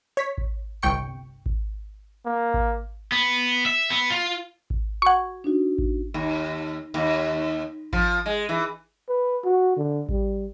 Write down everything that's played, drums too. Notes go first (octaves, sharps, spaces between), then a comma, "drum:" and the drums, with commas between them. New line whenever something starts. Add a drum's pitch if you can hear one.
C#5 B6
drum: kick G#1
G1 C2 G5 C#6 C#7
drum: kick G#1
A#3
drum: kick G#1
B3
E5
B3
F4
drum: kick G#1
F#4 F#5 C#6 G#6
D4 D#4 F#4
drum: kick G#1
D#2
D#2
F3, drum: kick G#1
G#3
E3
B4
F#4
D3
G3, drum: kick G#1